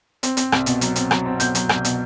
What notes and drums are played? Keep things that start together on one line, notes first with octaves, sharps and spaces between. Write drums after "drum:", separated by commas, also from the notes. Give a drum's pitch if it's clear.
C4, drum: hi-hat
C4, drum: hi-hat
C2, drum: rim click
B2, drum: hi-hat
F#3, drum: hi-hat
C4, drum: hi-hat
F#3, drum: rim click
C4
B2 G6, drum: hi-hat
F#3, drum: hi-hat
C2, drum: rim click
B2, drum: hi-hat